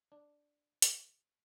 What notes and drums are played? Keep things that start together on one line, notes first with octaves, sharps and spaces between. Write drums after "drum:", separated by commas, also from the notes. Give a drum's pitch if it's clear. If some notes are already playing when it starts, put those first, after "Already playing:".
D4
drum: hi-hat